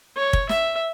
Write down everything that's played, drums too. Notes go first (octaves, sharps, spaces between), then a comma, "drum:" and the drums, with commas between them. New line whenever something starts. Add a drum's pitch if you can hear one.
C#5
drum: kick
E5, drum: snare